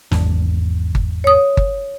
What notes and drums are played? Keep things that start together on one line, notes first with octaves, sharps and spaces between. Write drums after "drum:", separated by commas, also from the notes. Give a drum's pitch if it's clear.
G#1 E2 D4, drum: snare
drum: kick G1
C#5 D#6
drum: kick G1